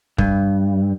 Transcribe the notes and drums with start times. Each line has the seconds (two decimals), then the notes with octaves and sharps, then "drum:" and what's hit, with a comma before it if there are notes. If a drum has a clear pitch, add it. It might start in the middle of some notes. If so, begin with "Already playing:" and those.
0.18 G2, drum: kick